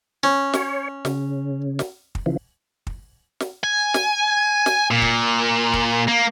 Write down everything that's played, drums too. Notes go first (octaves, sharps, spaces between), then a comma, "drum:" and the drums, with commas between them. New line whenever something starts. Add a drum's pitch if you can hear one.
C#4
C#5, drum: snare
C#3, drum: snare
drum: snare
drum: kick
C#3 E3 F3
drum: kick
drum: snare
G#5
drum: snare
drum: snare
A#2
drum: kick
drum: kick
A#3